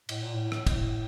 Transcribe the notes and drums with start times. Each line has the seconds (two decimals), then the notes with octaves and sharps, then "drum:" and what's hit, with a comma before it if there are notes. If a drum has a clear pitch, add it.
0.09 A2, drum: cymbal
0.22 A#2
0.34 A2
0.52 drum: rim click
0.67 A2, drum: kick, cymbal